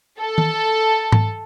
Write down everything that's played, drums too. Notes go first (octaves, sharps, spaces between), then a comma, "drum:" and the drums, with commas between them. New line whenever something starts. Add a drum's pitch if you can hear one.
A4
drum: tom D#3
drum: tom G#2